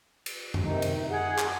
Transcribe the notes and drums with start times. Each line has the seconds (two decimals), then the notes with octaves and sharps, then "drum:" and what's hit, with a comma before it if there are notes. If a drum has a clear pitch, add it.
0.26 drum: cymbal
0.54 drum: tom F#2
0.64 C3 D#3 D#4
0.82 drum: cymbal
1.10 G#4 F#5
1.38 drum: clap